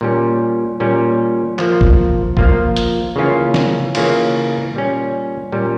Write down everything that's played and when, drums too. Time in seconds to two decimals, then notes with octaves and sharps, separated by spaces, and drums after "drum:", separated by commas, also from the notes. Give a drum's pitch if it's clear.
0.01 A#2 G3 C#4
0.80 A#2 G3 C#4
1.59 F3 A#3 F4, drum: clap
1.81 drum: kick
2.37 F3 A#3 F4, drum: kick
2.76 drum: hi-hat
3.16 C#3 E3 A#3 C#4 F4
3.54 drum: snare
3.95 C#3 E3 A#3 C#4 F4, drum: cymbal
4.74 A#2 G3 C#4
5.52 A#2 G3 C#4